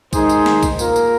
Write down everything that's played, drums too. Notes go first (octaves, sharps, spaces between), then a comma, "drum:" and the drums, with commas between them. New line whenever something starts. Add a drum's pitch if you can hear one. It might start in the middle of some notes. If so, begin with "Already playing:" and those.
D#3 G#3 D#4 G#4 C5, drum: kick C2, tambourine
drum: tambourine
drum: snare
drum: kick C2, tambourine
A#3 F4 A#4, drum: tambourine
drum: tambourine